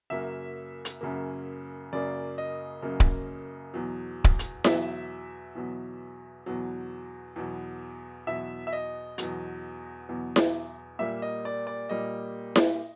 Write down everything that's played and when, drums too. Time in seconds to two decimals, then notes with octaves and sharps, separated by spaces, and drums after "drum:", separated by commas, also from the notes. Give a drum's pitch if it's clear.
0.10 F#2 C#3 F#3 A#3 E5
0.85 drum: hi-hat
1.01 F#2 C#3 F#3 A#3
1.93 F#2 C#3 F#3 A#3 D5
2.38 D#5
2.82 F#2 C#3 F#3 A#3
3.00 drum: kick D1
3.74 E2 B2 F#3
4.24 drum: kick D1
4.39 drum: hi-hat
4.64 E2 B2 F#3 E5, drum: snare E4
5.55 E2 B2 F#3
6.46 E2 B2 F#3
7.36 E2 B2 F#3
8.27 E2 B2 F#3 E5
8.67 E5
8.73 D#5
9.18 E2 B2 F#3, drum: hi-hat
10.09 E2 B2 F#3
10.36 drum: snare E4
10.99 A#2 G3 A#3 E5
11.22 D#5
11.45 D5
11.67 D5
11.89 A#2 G3 A#3 D#5
12.56 drum: snare E4